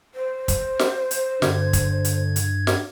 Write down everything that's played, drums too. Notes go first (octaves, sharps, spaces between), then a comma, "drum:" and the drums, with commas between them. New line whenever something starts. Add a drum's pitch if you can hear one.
C5
drum: kick, hi-hat
drum: snare
drum: hi-hat
G2 D3 G#6, drum: snare
drum: kick, hi-hat
drum: hi-hat
drum: hi-hat
drum: snare